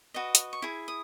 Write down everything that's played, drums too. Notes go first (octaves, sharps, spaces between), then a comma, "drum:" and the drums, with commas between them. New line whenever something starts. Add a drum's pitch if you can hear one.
F#4 B4 D#5
drum: hi-hat
C#6
E4 G#4
D#6